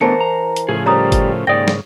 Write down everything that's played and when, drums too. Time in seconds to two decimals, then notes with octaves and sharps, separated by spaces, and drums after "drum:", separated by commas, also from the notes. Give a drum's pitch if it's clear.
0.01 B2 D3 E3 A3 A#4 C5 A5 C#7
0.21 A#5
0.56 drum: hi-hat
0.69 A2 C#3 F3 G#4
0.86 G3 C#4 A#4 C5 C#5 A#5 D#6
1.12 drum: kick G1, hi-hat
1.47 D#2 G#2 C#3 D5 G5 D#6 A#6
1.68 drum: snare